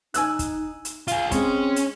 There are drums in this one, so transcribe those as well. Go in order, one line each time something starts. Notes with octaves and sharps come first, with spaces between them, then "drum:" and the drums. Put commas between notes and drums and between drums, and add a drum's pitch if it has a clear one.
D#4 G#5 E6 F#6, drum: hi-hat
drum: kick, hi-hat
drum: hi-hat
F4 G#4 F5, drum: hi-hat
G#3 C4 C#4 C#5, drum: kick, hi-hat
drum: hi-hat